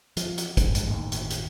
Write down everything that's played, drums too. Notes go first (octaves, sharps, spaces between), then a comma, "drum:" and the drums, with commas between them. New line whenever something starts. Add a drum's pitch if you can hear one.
F3, drum: hi-hat
drum: hi-hat
E1 F#2, drum: kick, hi-hat
A1 G#2, drum: hi-hat
G1 D#2 A2 D#3
drum: hi-hat
drum: hi-hat